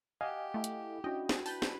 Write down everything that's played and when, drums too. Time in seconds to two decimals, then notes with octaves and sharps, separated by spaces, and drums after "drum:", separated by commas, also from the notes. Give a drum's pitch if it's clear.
0.21 G4 D#5 F5 F#5 G#5
0.54 A3 E4
0.64 drum: hi-hat
1.04 C#4 D4 E4 F#4 D#5 G5
1.29 drum: snare
1.46 B4 A5 G6, drum: open hi-hat
1.62 drum: snare